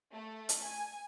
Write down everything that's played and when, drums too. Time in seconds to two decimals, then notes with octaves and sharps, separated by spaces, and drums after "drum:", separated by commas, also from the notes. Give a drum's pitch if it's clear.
0.12 A3
0.49 drum: hi-hat
0.64 G#5